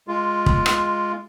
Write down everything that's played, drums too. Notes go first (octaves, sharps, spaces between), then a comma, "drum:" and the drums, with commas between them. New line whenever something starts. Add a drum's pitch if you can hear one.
G#3 F4
drum: kick
drum: rim click